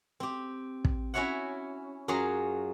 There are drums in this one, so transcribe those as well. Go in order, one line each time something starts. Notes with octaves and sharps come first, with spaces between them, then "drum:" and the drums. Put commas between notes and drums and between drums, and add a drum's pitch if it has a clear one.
C4 G4
drum: kick
C#4 E4 F#4 C#5 E5 F#5
F#2 F#3 F4 G#4 A#5